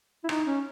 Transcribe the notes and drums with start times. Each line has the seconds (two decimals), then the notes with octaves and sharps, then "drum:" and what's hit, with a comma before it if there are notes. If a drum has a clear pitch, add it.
0.24 E4
0.29 D#4, drum: rim click
0.46 C#4